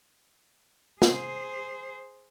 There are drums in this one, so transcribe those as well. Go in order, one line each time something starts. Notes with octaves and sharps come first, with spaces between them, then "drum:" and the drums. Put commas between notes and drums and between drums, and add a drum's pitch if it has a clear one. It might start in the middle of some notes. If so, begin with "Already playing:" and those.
G#4 C5, drum: snare